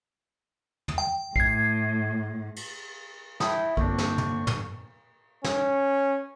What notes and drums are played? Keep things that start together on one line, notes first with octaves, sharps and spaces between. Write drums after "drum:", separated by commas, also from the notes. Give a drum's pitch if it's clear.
drum: tom
G5
A2 G#6 C7, drum: kick
drum: cymbal
E4 G5 A5 C6 D#6, drum: snare
G1 F2 A#3 C4 D4 C#6, drum: kick
drum: snare
drum: tom
drum: tom
C#4, drum: snare